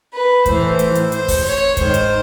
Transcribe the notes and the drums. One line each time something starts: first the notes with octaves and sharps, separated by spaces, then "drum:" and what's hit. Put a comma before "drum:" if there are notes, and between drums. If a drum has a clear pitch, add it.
B4
A2 E3 C5, drum: kick, hi-hat
drum: hi-hat
drum: hi-hat
C5, drum: hi-hat
drum: kick, open hi-hat
C#5
G#2 D#3 C5, drum: kick, hi-hat
drum: hi-hat